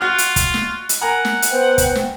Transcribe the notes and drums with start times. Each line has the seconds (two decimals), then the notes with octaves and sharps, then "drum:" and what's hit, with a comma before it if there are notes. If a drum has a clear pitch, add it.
0.01 F4 F#4 F6
0.18 drum: hi-hat
0.36 drum: kick, hi-hat
0.54 drum: snare
0.89 drum: hi-hat
1.01 A#4 F#5 G#5 A#5
1.25 drum: snare
1.42 drum: hi-hat
1.52 B3 C5 G5
1.78 drum: kick, hi-hat
1.95 drum: snare